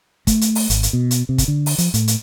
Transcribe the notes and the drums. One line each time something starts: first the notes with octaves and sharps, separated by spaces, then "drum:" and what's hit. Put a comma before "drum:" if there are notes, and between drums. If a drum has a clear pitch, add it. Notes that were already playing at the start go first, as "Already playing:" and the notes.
A3, drum: kick, hi-hat
drum: hi-hat
drum: open hi-hat
G#1, drum: hi-hat
drum: hi-hat
B2
drum: hi-hat
C3
drum: kick, hi-hat
D3
drum: open hi-hat
F3, drum: hi-hat
A2, drum: hi-hat
drum: hi-hat